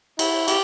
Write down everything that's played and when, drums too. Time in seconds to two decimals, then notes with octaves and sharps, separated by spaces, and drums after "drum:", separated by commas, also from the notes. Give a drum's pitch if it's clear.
0.19 E4, drum: cymbal
0.48 E4 G4, drum: cymbal